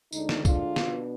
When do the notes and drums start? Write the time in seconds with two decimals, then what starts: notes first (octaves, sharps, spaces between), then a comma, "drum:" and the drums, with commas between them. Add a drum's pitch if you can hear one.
0.13 D2 D3 G#3 D4 D#4, drum: tambourine
0.29 drum: snare
0.45 D4 F4, drum: kick, tambourine
0.76 B2 B3 D4, drum: snare